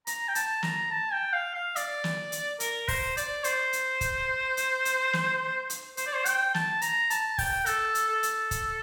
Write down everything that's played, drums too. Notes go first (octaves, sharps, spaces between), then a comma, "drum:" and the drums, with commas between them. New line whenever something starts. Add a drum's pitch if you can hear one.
A#5, drum: hi-hat
G5
A5, drum: hi-hat
A#5, drum: snare
A5
G5
F5
F5
D5, drum: hi-hat
drum: snare
drum: hi-hat
A#4, drum: hi-hat
C5, drum: kick, open hi-hat
D5, drum: hi-hat
C5, drum: hi-hat
drum: hi-hat
drum: kick, hi-hat
drum: hi-hat
drum: hi-hat
drum: snare
drum: hi-hat
C5, drum: hi-hat
D5
C5
G5, drum: hi-hat
A5, drum: snare
A#5, drum: hi-hat
A5, drum: hi-hat
G5, drum: kick, open hi-hat
A4, drum: hi-hat
drum: hi-hat
A4
drum: hi-hat
drum: kick, hi-hat